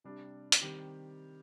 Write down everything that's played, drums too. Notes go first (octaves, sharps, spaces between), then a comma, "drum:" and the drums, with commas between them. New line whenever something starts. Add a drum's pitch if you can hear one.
C3 G3 D4
drum: hi-hat
D#3 G3 C4 G4